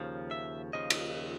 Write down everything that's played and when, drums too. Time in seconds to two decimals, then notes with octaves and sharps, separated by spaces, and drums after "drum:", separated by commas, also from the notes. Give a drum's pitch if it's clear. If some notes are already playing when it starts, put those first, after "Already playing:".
Already playing: D#2 C#3 F3
0.31 E5
0.73 D#2 C#3 F3 D#5
0.90 drum: cymbal